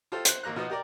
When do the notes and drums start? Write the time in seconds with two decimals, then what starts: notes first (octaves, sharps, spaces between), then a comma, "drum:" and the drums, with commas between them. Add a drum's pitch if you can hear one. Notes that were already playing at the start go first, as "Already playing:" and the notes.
0.12 F4 G4 A4 C5
0.25 C5 F#6, drum: hi-hat
0.43 G#1 A#3 A#5 F#6
0.56 B2 F3 B3 D#4
0.70 G4 A#4 D5